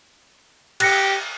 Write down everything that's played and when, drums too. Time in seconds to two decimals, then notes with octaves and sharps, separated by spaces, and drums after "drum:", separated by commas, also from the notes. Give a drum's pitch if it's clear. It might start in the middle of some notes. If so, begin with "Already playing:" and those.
0.80 G4 F#6 A#6 C#7, drum: cymbal